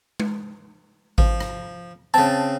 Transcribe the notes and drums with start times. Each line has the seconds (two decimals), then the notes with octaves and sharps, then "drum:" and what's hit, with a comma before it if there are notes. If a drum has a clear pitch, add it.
0.20 drum: tom G#3
1.18 F3, drum: kick G#1
1.40 drum: rim click
2.14 C#3 C4 A5